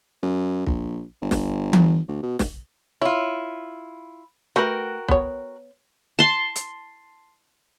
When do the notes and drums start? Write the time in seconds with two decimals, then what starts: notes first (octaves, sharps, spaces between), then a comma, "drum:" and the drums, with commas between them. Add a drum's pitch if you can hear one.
0.23 F#2
0.66 A#1, drum: kick
1.22 G1
1.31 drum: snare
1.73 drum: tom E3
2.08 D2
2.23 B2
2.39 drum: snare
3.01 E4 F4 C#5
4.56 A3 F#4 A#4 B4 G5
5.08 B3 C#5, drum: kick
6.19 A5 C6
6.56 drum: hi-hat